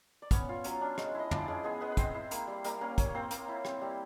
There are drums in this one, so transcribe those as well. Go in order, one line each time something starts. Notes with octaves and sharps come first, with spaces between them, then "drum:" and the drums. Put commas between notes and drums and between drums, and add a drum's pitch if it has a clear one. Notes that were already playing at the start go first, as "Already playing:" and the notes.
D5
B3 C#4 C#5, drum: kick, hi-hat
F4
F#3 C#4 C#5, drum: hi-hat
D4
G#3, drum: rim click
E4 D#5
F3 D4 D5, drum: tom
G#3 C#4 G#4
G#3 B3 G#4
G#3 B3 B4
B4
G#3 C4 C5, drum: kick, hi-hat
E4
A#3, drum: hi-hat
G3
G3 A#3 A#4, drum: hi-hat
A#3 C#4 A#4
C#4, drum: kick, hi-hat
C#5
A#3 C4 C5
A#3, drum: hi-hat
E4
C4, drum: rim click
G3